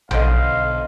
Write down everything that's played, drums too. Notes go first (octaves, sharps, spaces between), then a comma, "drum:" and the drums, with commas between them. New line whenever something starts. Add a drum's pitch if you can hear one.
B1 D3 C5 D5 D#5 F5 G5, drum: tom A#1